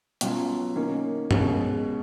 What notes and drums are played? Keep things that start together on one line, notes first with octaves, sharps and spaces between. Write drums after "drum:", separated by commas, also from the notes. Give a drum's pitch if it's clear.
B2 F#3 C#4 F4, drum: hi-hat
D#3 A#3 C#4
B2 G#3 C#4, drum: tom